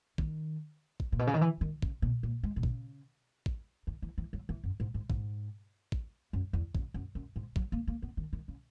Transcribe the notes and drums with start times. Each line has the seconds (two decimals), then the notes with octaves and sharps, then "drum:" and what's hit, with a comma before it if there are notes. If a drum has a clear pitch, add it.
0.18 D#3, drum: kick
1.00 drum: kick
1.12 A#2
1.19 B2
1.27 C#3
1.34 D#3
1.41 E3
1.61 D#3
1.82 C#3, drum: kick
2.02 B2
2.23 A#2
2.43 G#3
2.56 B2
2.63 C#3, drum: kick
3.46 drum: kick
3.87 D#3
4.02 E3
4.18 E3
4.33 F#3
4.49 E3
4.64 F#2
4.80 G#2
4.94 G#2
5.10 G#2, drum: kick
5.92 drum: kick
6.33 F#2
6.53 E2
6.75 F#2, drum: kick
6.94 F#2
7.15 F#2
7.36 G#2
7.56 F#3, drum: kick
7.72 A#3
7.87 A#3
8.02 B3
8.17 D#3
8.33 D#3
8.48 C#3